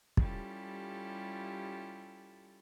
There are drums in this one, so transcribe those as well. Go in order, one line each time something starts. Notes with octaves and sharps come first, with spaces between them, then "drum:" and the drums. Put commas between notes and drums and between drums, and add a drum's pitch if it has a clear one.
G3 C#4 E4 F4 G4 A4, drum: kick